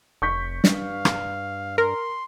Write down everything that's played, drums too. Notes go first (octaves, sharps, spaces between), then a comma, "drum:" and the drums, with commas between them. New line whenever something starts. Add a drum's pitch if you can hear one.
F1 C#6 G6 B6
G2 F5, drum: snare
drum: rim click
A#4 C6